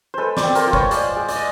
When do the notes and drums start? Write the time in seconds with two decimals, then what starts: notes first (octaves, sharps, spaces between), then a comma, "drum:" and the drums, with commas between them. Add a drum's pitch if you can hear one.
0.14 G#3 A4 B4 C5
0.37 C5 D5, drum: snare
0.43 C4
0.55 A#4 C5, drum: hi-hat
0.67 F4
0.73 B4 C#5, drum: kick
0.91 G#3 C5 D5, drum: hi-hat
1.16 G#3
1.28 D5, drum: hi-hat
1.36 D#5